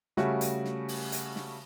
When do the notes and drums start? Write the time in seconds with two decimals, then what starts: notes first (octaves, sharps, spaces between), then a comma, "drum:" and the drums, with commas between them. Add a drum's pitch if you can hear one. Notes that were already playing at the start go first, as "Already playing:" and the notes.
0.17 C#3 G3 A3 F#4, drum: snare
0.41 drum: hi-hat
0.65 drum: snare
0.88 drum: open hi-hat
1.12 drum: hi-hat
1.36 drum: snare